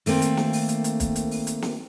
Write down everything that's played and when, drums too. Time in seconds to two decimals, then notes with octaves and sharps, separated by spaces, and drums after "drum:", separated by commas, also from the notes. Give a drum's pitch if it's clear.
0.06 D#3 A3 A#3 C4, drum: open hi-hat
0.22 drum: hi-hat
0.37 drum: snare
0.53 drum: open hi-hat
0.69 drum: hi-hat
0.84 drum: hi-hat
1.00 drum: kick, hi-hat
1.16 drum: hi-hat
1.31 drum: open hi-hat
1.47 drum: hi-hat
1.62 drum: snare